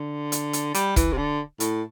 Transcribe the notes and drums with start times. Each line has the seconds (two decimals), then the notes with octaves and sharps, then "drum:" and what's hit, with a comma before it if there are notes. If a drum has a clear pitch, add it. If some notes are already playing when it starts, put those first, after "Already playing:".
Already playing: D3
0.32 drum: hi-hat
0.53 drum: hi-hat
0.74 G3, drum: hi-hat
0.96 E3, drum: kick, hi-hat
1.12 C3
1.18 D3
1.60 A2, drum: hi-hat